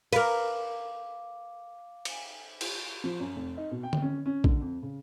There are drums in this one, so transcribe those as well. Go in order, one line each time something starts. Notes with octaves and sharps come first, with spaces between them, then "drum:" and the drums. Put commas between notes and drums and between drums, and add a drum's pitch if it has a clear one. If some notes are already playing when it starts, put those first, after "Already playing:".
A#4 B4 F5 D6, drum: cymbal
drum: cymbal
drum: cymbal
F3
F#2
F1
D#4
B2
G5
drum: tom D3
C#4
C#4
D3, drum: kick A#1
F2
C#3